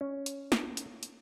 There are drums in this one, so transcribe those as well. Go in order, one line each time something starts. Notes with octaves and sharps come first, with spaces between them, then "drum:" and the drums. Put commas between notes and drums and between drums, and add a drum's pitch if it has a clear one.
C#4
drum: hi-hat
drum: snare
drum: hi-hat
drum: hi-hat